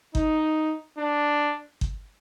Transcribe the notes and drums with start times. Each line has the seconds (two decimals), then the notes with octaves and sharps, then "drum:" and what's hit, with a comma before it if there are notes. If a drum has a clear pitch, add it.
0.15 D#4, drum: kick G1
0.98 D4
1.81 drum: kick G1